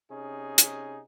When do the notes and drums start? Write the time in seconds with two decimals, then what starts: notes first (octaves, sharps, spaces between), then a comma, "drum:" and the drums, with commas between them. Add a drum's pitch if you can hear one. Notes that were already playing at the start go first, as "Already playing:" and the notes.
0.11 C3 C#4 D#4 G#4
0.58 drum: hi-hat